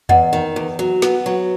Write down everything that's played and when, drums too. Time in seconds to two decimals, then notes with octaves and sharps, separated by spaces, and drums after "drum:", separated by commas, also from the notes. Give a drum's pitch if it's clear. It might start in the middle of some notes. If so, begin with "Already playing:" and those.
0.09 E2 D#5 F#5, drum: tom E2
0.33 D#3
0.56 E2
0.79 F#3
1.02 B3, drum: snare
1.26 F#3